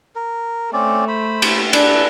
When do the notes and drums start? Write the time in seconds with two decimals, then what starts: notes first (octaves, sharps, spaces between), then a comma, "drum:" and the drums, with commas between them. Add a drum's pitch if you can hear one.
0.15 A#4
0.73 A3 C4 C#4 D5
1.08 C5 B5
1.42 drum: cymbal
1.73 D4 A4 B4, drum: cymbal